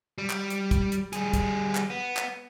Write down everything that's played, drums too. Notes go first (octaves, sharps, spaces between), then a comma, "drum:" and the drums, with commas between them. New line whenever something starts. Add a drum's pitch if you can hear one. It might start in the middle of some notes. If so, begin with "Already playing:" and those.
G3
drum: clap
drum: hi-hat
drum: kick, hi-hat
drum: hi-hat
G3 G#4, drum: hi-hat
drum: kick, hi-hat
drum: clap
B3
drum: clap